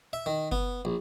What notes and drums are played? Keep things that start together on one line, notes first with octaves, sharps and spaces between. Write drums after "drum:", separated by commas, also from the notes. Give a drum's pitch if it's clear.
E5
D#3
B3, drum: kick F#1
A#1